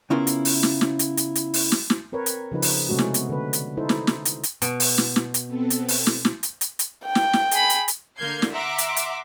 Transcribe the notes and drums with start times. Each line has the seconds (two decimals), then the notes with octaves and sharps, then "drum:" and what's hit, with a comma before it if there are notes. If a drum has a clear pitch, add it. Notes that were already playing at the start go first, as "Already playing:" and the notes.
0.10 C#3 B3 C#4 E4 F4 A#4
0.27 drum: hi-hat
0.45 drum: open hi-hat
0.63 drum: snare
0.81 drum: snare
0.99 drum: hi-hat
1.17 drum: hi-hat
1.35 drum: hi-hat
1.54 drum: open hi-hat
1.72 drum: snare
1.90 drum: snare
2.12 C4 A#4 B4 C#5
2.26 drum: hi-hat
2.52 C#3 F3 D#4 B4
2.62 drum: open hi-hat
2.89 C3 G#3 A3 C#4 F#4
2.99 drum: snare
3.14 B3, drum: hi-hat
3.29 D3 B4
3.53 drum: hi-hat
3.77 D#4 E4 A4 C5
3.89 drum: snare
4.07 drum: snare
4.25 drum: hi-hat
4.43 drum: hi-hat
4.62 B2, drum: hi-hat
4.80 drum: open hi-hat
4.98 drum: snare
5.16 drum: snare
5.34 drum: hi-hat
5.47 B3 C4 A4
5.70 drum: hi-hat
5.88 drum: open hi-hat
6.07 drum: snare
6.25 drum: snare
6.43 drum: hi-hat
6.61 drum: hi-hat
6.79 drum: hi-hat
7.06 G5
7.15 drum: snare
7.33 drum: snare
7.51 G#4 B5, drum: hi-hat
7.70 drum: hi-hat
7.88 drum: hi-hat
8.18 D3 A#3 F6 G6 G#6 C7
8.42 drum: snare
8.53 E5 F#5 A#5 C6 D6
8.78 drum: hi-hat
8.96 drum: hi-hat